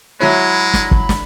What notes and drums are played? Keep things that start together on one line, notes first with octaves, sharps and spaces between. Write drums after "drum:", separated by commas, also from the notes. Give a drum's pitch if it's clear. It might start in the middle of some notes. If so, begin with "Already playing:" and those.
F#3 G#3 E4 C#5 B5
drum: snare
drum: kick
drum: snare